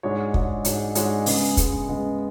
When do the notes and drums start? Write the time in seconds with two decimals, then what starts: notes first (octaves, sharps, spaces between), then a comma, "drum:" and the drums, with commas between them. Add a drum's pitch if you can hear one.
0.03 G#2 G#3 D4 F#4 C#5
0.34 G#2 G#3 D4 F#4 C#5, drum: kick
0.65 G#2 G#3 D4 F#4 C#5, drum: hi-hat
0.95 G#2 G#3 D4 F#4 C#5, drum: hi-hat
1.26 C#3 G#3 B3, drum: open hi-hat
1.57 C#3 G#3 B3, drum: kick, hi-hat
1.88 C#3 G#3 B3